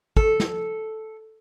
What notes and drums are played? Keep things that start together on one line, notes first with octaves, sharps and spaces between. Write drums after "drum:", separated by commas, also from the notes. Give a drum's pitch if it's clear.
A4, drum: kick
drum: snare